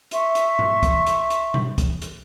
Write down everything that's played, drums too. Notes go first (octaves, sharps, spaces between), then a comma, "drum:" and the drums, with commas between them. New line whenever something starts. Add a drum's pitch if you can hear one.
E5 C6 C#6, drum: hi-hat
drum: hi-hat
drum: tom A2
drum: kick, hi-hat
drum: hi-hat
drum: hi-hat
drum: tom B2
drum: kick, hi-hat
drum: hi-hat